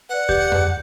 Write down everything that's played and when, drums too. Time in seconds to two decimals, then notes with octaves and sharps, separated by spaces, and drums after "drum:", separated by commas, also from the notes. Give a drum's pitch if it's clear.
0.09 B4 D5 F#5
0.29 G4 G6, drum: kick D#2
0.52 drum: tom F2